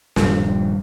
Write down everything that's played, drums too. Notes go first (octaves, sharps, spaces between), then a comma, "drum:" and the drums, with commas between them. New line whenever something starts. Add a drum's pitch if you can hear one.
D#1 G2 F3, drum: snare